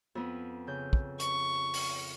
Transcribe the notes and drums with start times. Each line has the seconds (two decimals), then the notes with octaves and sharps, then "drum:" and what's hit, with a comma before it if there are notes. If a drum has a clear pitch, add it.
0.15 F2 B3 B4
0.67 C#3 G6
0.93 drum: kick
1.20 C#6, drum: hi-hat
1.74 drum: open hi-hat